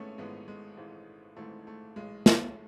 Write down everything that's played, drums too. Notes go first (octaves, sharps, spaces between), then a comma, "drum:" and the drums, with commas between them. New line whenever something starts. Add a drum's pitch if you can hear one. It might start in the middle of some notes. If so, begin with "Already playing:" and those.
Already playing: G#1 G#2 E3 G#3 A3 B3 C#4
G#1 G#2 E3 G#3 B3
G#3
G#1 G#2 E3
G#1 G#2 E3 A3
A3
B1 A2 E3 G#3
A3, drum: snare